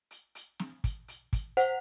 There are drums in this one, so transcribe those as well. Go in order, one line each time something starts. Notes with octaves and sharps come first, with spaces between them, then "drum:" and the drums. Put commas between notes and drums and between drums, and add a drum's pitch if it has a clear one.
drum: hi-hat
drum: hi-hat
drum: snare
drum: kick, hi-hat
drum: hi-hat
drum: kick, hi-hat
C5 F#5, drum: hi-hat